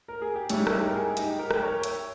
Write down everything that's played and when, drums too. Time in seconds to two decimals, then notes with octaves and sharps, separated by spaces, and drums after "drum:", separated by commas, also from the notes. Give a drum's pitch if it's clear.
0.08 A#4
0.22 G#4
0.36 G4
0.50 G#2 G3 C#4 E4, drum: hi-hat
0.67 E4, drum: rim click
0.73 D#4 G4
0.87 A#4
0.95 E4 G#4
1.17 D#4 G4, drum: hi-hat
1.39 G4 A#4
1.51 drum: rim click
1.61 A#4 C#5
1.80 G5
1.83 C#5 E5, drum: hi-hat